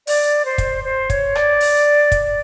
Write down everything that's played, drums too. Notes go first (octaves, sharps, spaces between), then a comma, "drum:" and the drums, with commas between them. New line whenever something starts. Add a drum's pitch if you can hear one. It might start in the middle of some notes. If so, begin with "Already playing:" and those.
D5, drum: open hi-hat
C5
drum: kick, hi-hat
C5
C#5, drum: kick, hi-hat
D5, drum: rim click
drum: open hi-hat
drum: kick, hi-hat